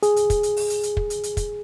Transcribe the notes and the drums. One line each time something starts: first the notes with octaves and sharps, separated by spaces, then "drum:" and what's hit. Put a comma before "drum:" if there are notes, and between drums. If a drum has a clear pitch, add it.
G#4, drum: hi-hat
drum: hi-hat
drum: kick, hi-hat
drum: hi-hat
drum: open hi-hat
drum: hi-hat
drum: hi-hat
drum: kick
drum: hi-hat
drum: hi-hat
drum: kick, hi-hat